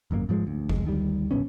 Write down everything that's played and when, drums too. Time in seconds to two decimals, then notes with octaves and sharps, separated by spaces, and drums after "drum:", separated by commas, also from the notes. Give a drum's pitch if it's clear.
0.11 G#1 F#2 D3 A#3
0.29 G#2 F3 G3 G#3
0.47 D2
0.69 C2 F2 G#3, drum: kick F#1
0.85 D2 D#3 G3
1.31 D1 A#1 B3 C#4